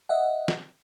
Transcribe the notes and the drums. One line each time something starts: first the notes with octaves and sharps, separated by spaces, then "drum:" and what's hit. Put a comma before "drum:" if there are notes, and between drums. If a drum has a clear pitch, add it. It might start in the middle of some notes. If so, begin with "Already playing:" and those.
D#5 E5 F#5
drum: snare